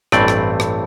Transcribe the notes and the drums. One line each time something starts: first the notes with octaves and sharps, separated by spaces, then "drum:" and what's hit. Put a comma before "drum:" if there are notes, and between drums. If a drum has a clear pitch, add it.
A1 G2 E3 A3 C4 D5, drum: rim click
drum: rim click
drum: rim click